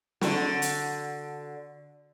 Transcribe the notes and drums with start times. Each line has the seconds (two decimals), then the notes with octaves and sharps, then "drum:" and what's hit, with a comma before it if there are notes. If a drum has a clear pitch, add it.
0.21 D3 F#4, drum: snare
0.62 drum: hi-hat